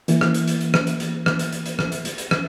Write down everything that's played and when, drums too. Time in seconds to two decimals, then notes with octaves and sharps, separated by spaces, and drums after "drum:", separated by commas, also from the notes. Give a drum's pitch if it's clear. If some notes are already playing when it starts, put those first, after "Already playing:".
0.08 E3 A#3 E4, drum: hi-hat
0.21 drum: rim click
0.34 drum: hi-hat
0.48 drum: hi-hat
0.61 drum: hi-hat
0.74 drum: rim click
0.87 drum: hi-hat
1.00 drum: hi-hat
1.26 drum: rim click
1.39 drum: hi-hat
1.53 drum: hi-hat
1.66 drum: hi-hat
1.79 drum: rim click
1.92 drum: hi-hat
2.05 drum: hi-hat
2.18 drum: hi-hat
2.31 drum: rim click